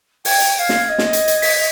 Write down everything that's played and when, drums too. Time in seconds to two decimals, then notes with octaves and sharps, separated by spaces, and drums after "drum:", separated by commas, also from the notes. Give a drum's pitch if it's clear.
0.25 G5 G#6, drum: open hi-hat
0.40 drum: hi-hat
0.54 G5
0.58 F5
0.69 drum: snare
0.84 F5
0.88 D#5
0.98 drum: snare
1.13 drum: hi-hat
1.28 drum: hi-hat
1.42 B6, drum: open hi-hat